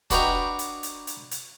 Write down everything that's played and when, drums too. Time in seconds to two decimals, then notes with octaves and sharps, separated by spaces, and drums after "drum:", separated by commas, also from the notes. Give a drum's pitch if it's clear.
0.10 D4 F#4 B4 D#5 G5 A#5, drum: kick, hi-hat
0.59 drum: hi-hat
0.83 drum: hi-hat
1.07 drum: hi-hat
1.31 drum: hi-hat